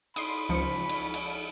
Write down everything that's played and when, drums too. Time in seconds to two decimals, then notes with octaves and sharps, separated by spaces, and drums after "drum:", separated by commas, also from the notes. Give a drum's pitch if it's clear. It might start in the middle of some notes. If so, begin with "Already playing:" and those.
0.16 B5 C6 D#6, drum: cymbal
0.49 C#2 F3 C#7
0.89 drum: cymbal
1.14 drum: cymbal